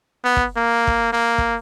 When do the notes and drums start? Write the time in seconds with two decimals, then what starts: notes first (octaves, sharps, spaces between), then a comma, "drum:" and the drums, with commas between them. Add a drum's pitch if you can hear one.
0.25 B3
0.36 drum: kick
0.57 A#3
0.87 drum: kick
1.13 A#3
1.38 drum: kick